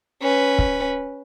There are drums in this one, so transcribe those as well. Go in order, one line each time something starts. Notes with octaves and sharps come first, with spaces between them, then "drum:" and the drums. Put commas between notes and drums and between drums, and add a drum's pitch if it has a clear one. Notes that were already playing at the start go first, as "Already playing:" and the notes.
C#4 B4
drum: kick